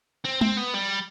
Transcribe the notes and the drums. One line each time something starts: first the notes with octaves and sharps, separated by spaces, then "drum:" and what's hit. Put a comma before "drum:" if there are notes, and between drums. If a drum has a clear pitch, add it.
C4
C4, drum: tom G#3
B3
G3